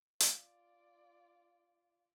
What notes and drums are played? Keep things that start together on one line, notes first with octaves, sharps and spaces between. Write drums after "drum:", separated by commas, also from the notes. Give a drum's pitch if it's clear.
F4 D5, drum: hi-hat